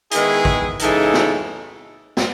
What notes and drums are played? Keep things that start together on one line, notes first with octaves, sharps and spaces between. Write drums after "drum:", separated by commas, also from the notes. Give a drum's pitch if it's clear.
D#3 G#3 B3 E4 G#4, drum: hi-hat
drum: kick
C#3 E3 G#3 D#4 A4, drum: hi-hat
drum: snare
drum: snare